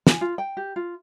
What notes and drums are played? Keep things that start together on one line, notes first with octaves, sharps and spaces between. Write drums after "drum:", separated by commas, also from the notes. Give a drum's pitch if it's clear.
G#5, drum: snare
F4
G5
G4
F4